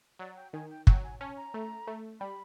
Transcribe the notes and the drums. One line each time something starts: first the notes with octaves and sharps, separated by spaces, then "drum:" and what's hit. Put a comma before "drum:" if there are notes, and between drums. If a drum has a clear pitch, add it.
F#3 D5
G5
D#3 G#5
G5
F#3 G5, drum: kick
G#5
C#4 A5
A#5
A3
A3
G3 B5